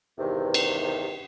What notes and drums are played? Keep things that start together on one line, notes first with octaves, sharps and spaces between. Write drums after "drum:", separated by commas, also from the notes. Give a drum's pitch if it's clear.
E2 G2 C3 D#3
drum: cymbal